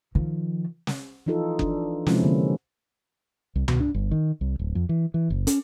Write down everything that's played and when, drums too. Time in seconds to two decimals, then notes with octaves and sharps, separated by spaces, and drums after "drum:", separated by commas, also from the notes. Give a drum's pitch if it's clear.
0.15 D#3 F3
0.87 drum: snare
1.26 E3 F3 D#4 F4 A4
1.59 D4, drum: kick F#1
2.06 C3 F3 G#3 C#4 E4, drum: snare
2.23 D3 A#3 C4 C#4
3.55 C2
3.68 B2, drum: tom C#2
3.80 D4
3.94 G1
4.11 D#3
4.41 C2
4.59 D1
4.75 F2
4.89 E3
5.14 E3
5.30 F#1
5.47 C#4, drum: hi-hat